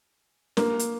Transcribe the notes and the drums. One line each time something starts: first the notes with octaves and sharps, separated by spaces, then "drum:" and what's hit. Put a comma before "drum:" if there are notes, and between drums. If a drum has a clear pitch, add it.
A#3, drum: snare
drum: hi-hat